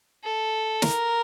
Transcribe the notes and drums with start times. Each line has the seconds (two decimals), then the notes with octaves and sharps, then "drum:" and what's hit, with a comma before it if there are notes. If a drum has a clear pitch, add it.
0.24 A4
0.82 A#4, drum: snare